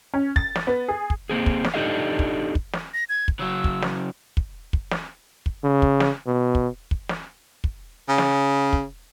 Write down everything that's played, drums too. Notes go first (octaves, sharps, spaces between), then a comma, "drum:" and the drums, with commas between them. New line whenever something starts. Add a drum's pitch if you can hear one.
C#4
A6, drum: kick
drum: snare
B3
G#4
drum: kick
A#3 C4 G#4
drum: kick
drum: snare
D4 D#4 G4 A4 D#5 F5
drum: kick
drum: kick
drum: snare
A#6
G#6
drum: kick
C#3 F#3 E6
drum: kick
drum: snare
drum: kick
drum: kick
drum: snare
drum: kick
C#3
drum: kick
drum: snare
B2
drum: kick
drum: kick
drum: snare
drum: kick
C#3
drum: snare
drum: kick